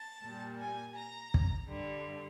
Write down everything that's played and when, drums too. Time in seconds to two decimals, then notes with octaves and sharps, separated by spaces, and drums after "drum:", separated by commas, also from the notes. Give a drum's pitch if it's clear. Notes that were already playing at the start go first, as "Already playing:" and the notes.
Already playing: A5
0.24 A#2 G3
0.60 G#5
0.96 A#5
1.34 drum: kick
1.68 G2 D3 G3